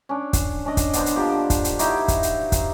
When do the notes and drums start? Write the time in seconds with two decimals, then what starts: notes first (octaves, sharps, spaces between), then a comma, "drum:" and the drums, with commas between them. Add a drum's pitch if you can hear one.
0.09 C#4 D4
0.33 drum: kick, hi-hat
0.65 C#4 D4 D5 D#5
0.77 drum: kick, hi-hat
0.93 B3 D4 C5, drum: hi-hat
1.06 drum: hi-hat
1.16 D3 F3 A#3 G4
1.50 drum: kick, hi-hat
1.64 drum: hi-hat
1.79 D#4 E4 F#4 G4, drum: hi-hat
2.08 drum: kick, hi-hat
2.23 drum: hi-hat
2.52 drum: kick, hi-hat